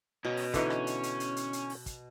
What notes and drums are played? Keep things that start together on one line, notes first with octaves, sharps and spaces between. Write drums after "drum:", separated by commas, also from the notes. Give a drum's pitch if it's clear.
B2 C#4 D#4
drum: open hi-hat
D3 E3 C#4 D#4, drum: kick, hi-hat
drum: rim click
drum: hi-hat
drum: hi-hat
drum: hi-hat
drum: hi-hat
drum: hi-hat
drum: open hi-hat
drum: kick, hi-hat